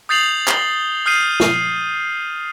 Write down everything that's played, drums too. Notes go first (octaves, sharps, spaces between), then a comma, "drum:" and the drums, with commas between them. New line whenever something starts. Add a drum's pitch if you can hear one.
D#6 G6 A6 C7 F7 F#7
G7, drum: clap
D#6 F6 G6 C7 D#7
drum: snare